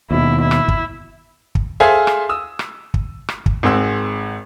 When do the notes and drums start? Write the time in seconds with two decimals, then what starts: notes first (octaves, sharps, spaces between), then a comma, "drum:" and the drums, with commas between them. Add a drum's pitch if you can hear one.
0.11 D#2 B2 E4
0.41 E4
0.51 drum: rim click
0.68 drum: kick
1.55 drum: kick
1.80 G#4 A4 C5 E5 F5 G#5
2.07 drum: rim click
2.29 D#6 E6
2.59 drum: rim click
2.94 drum: kick
3.29 drum: rim click
3.46 drum: kick
3.63 G#1 C4 G#4 F#5 C6 E6